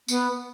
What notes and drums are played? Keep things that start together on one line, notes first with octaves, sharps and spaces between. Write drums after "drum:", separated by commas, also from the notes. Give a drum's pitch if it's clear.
B3, drum: tambourine